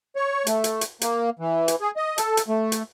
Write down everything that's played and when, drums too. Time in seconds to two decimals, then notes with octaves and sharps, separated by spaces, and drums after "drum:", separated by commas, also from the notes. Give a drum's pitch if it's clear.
0.16 C#5
0.47 A3, drum: hi-hat
0.64 drum: hi-hat
0.81 drum: hi-hat
1.01 A#3, drum: hi-hat
1.39 E3
1.68 drum: hi-hat
1.81 G#4
1.97 D#5
2.18 A4, drum: hi-hat
2.37 drum: hi-hat
2.48 A3
2.72 drum: hi-hat